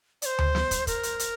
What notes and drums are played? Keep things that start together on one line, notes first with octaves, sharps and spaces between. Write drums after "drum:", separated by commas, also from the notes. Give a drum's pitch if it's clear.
D5, drum: hi-hat
C5
drum: tom D2
drum: snare
drum: kick, hi-hat
A#4, drum: kick, hi-hat
drum: hi-hat
drum: hi-hat